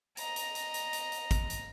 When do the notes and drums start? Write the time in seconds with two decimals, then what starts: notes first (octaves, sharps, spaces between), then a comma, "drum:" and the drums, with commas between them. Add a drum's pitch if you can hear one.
0.17 D#5 A#5, drum: hi-hat
0.36 drum: hi-hat
0.55 drum: hi-hat
0.74 drum: hi-hat
0.93 drum: hi-hat
1.12 drum: hi-hat
1.31 drum: kick, hi-hat
1.50 drum: hi-hat